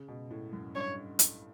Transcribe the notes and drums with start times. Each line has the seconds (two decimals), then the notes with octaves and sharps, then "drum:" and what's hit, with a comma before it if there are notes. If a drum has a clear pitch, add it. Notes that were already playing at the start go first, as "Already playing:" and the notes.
Already playing: C#3
0.08 B2
0.31 A2
0.53 F#2
0.75 G2 C#5
1.19 drum: hi-hat